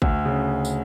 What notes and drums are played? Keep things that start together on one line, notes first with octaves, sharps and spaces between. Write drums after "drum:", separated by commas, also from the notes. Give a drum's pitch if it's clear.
D2, drum: kick
C#3
drum: tambourine